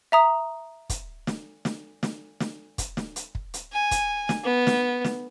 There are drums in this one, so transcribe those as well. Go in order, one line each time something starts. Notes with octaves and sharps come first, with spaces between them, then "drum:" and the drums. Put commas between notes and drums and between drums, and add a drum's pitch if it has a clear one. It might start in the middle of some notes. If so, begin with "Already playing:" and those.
E5 A#5 D#6
drum: kick, hi-hat
drum: snare
drum: snare
drum: snare
drum: snare
drum: kick, hi-hat
drum: snare
drum: hi-hat
drum: kick
drum: hi-hat
G#5
drum: kick, hi-hat
drum: snare
B3
drum: snare
drum: snare